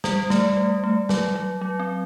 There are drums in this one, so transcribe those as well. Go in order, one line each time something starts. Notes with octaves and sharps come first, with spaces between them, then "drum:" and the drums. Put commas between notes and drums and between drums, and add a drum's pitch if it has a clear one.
G3, drum: snare
A3, drum: snare
G3
A3
F#3, drum: snare
F#3
F#3
C4